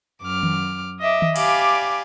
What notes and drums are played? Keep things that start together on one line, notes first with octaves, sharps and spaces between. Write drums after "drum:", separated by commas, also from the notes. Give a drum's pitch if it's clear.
F#2 D6 F6
drum: tom D#3
D#5 E5 D6
drum: tom D#3
G4 D5 F5 G#5 B5 D6, drum: cymbal